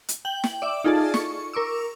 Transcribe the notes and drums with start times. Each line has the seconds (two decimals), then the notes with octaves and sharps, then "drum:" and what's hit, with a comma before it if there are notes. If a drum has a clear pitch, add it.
0.08 drum: hi-hat
0.25 G5 F#7
0.44 drum: snare
0.62 D5 E5 D6
0.84 D#4 F4 G#4 A4 D5 A5
1.14 C#6, drum: snare
1.53 A#4 C#6 D6 E6